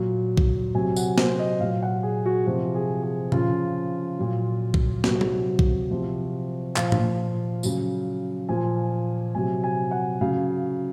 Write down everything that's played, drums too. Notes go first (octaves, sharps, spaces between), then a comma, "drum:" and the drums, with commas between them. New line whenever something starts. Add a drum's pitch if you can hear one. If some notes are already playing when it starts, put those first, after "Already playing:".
Already playing: A#2 F#3
drum: kick B1
C3 F#3 G#5
F#5, drum: tambourine
C5, drum: snare
D#5
A#2 F#3 F5
F#5
G#4
F#4
C3 F3 F#4
G#4
G#4
C#3 F3 F4, drum: tom A#2
A#2 F#3
drum: kick B1
C3 F#3 F#4, drum: snare
drum: tom F#3
drum: kick B1
C3 F3
A#2 F3 F5, drum: clap
drum: tom G#2
C#3 F#3, drum: tambourine
A#2 F3 G#5
C3 F#3 G#5
G#5
F#5
C#3 F#3 F5